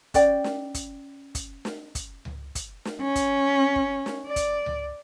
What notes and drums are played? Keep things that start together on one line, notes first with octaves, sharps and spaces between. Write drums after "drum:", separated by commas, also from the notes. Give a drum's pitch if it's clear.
C#4 D5 G5, drum: kick, hi-hat
drum: snare
drum: kick, hi-hat
drum: kick, hi-hat
drum: snare
drum: kick, hi-hat
drum: tom C#2
drum: kick, hi-hat
drum: snare
C#4
drum: kick, hi-hat
drum: kick
drum: snare
D5
drum: kick, hi-hat
drum: tom C#2